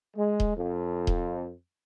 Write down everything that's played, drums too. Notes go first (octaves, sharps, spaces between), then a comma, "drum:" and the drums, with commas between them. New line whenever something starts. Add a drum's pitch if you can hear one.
G#3
drum: kick D#1
F2
drum: kick D#1